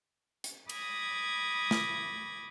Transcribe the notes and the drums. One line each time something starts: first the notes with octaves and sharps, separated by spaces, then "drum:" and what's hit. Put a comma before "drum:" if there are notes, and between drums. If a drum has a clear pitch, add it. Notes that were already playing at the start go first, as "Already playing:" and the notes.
drum: hi-hat
B5 D6 D#6 G#6 A#6, drum: cymbal
drum: snare